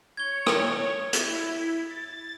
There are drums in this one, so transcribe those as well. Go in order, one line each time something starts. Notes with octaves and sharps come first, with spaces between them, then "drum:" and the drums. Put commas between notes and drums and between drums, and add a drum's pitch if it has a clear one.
C#5 G#6 G7
drum: rim click
E4, drum: hi-hat
A6